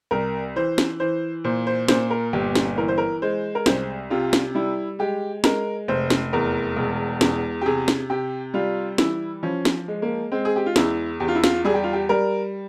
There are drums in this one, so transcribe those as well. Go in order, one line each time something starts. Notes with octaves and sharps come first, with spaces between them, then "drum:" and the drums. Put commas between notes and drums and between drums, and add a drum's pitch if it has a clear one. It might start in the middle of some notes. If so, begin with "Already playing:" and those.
C2 A#4
E3 C5
drum: snare
E3 C5
A#2 C5
C5
A#2 C5, drum: snare
A#4
G1 G4
drum: snare
E3 A#4
C5
A#4
G#3 C5
A#4
C2 C5, drum: snare
C3 F4
drum: snare
G3 E4
G#3 G4
G#3 A#4, drum: snare
F1 C5
drum: snare
E2 A#4
E1
E2, drum: snare
G4
C3 G#4
drum: snare
C3 G4
G3 F4
E3 E4, drum: snare
F3 C#4
drum: snare
G#3
A#3
G#3 C4
G#4
G4
F4
E2 E4, drum: snare
E2 G4
F4
E4
F4, drum: snare
G3 G#4
G4
F4
G4
G3 A#4